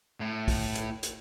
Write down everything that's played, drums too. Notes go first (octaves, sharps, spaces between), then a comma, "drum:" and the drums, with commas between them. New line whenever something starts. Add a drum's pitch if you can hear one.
A2
drum: kick, open hi-hat
drum: hi-hat
drum: hi-hat